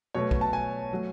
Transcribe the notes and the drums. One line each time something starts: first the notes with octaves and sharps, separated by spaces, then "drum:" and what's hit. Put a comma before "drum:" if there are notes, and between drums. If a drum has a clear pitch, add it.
B2 F#3 A3 C#5
drum: kick
A5
G#5
F#3 A3